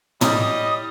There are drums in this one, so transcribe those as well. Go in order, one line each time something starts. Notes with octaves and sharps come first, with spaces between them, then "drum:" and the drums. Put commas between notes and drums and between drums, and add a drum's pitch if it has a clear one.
G3 E4 C#5 D#5 D#6, drum: tom